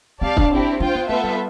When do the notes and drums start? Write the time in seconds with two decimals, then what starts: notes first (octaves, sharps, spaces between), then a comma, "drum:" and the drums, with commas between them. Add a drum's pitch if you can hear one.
0.21 C4 G4 D5 F5 A5
0.37 D4, drum: kick
0.51 C4 E4 G4
0.80 D4 F4 C5 G5
0.95 B3
1.09 A3 B3 F4 A4 E5
1.24 G3